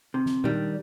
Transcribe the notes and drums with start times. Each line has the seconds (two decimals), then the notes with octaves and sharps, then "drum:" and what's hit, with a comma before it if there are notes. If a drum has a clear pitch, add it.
0.14 C3
0.26 drum: snare
0.44 D#3 G3 D4, drum: tom A#2